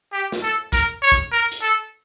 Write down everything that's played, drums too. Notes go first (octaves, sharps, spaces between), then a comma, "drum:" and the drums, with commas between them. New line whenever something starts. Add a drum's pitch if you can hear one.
G4
drum: snare
A4
A#4, drum: kick, hi-hat
C#5
drum: kick
A#4
drum: hi-hat
A4